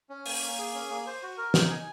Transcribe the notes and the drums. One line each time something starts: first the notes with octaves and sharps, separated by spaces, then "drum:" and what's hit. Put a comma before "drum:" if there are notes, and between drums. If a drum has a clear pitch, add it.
C#4
A#3, drum: open hi-hat
A#3
G#4
C#4
A#3
C5
F#4
A#4
D#4, drum: snare
G#5